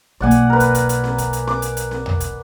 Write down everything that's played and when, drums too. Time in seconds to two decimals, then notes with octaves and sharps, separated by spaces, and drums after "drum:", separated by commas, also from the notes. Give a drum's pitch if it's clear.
0.20 B1 A#3 D5 F#5 G#5
0.31 drum: hi-hat
0.50 A#4 B4
0.60 drum: kick, hi-hat
0.75 drum: kick, hi-hat
0.89 drum: hi-hat
1.04 drum: snare C4
1.18 drum: kick, hi-hat
1.33 drum: hi-hat
1.47 D6, drum: snare C4
1.62 drum: hi-hat
1.77 drum: hi-hat
1.91 drum: snare C4
2.06 drum: tom E2
2.20 drum: kick, hi-hat